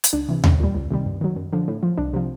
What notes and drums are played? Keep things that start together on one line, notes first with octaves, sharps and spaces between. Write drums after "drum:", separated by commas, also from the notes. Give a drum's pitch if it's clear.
drum: hi-hat
C#2 D4
C3 E3
C2 C#4, drum: tom D#2
A#2 G3
C#2
C3 D#3 G3
G2
D#3 F#3
F#2
D3 F3
A2
F3
C2 D4
C3 F3